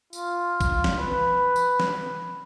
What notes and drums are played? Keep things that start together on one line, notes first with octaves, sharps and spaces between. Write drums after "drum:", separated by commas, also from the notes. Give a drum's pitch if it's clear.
F4, drum: tambourine
drum: kick, tambourine
drum: snare
B4
drum: tambourine
drum: snare